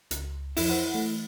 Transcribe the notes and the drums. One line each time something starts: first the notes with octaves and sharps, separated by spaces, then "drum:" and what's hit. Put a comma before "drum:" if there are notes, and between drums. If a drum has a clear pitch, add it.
C#2, drum: hi-hat
F2 E3 F3 E4, drum: open hi-hat
C5 F#5
E3 A3